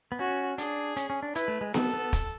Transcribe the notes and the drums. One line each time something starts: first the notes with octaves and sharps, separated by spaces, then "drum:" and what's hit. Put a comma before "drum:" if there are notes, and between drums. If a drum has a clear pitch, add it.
B3
C#4 F#4
D4 G#4, drum: hi-hat
C#4, drum: hi-hat
C#4
D4
E4 B4, drum: hi-hat
A3
G#3
B3 A4, drum: snare B3
B3
drum: kick, hi-hat